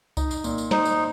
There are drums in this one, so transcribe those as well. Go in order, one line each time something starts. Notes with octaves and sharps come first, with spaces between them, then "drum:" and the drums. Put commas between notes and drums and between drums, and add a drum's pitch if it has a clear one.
D#4, drum: kick C2, tambourine
drum: tambourine
A#2, drum: tambourine
drum: tambourine
D#4 C5, drum: snare
drum: tambourine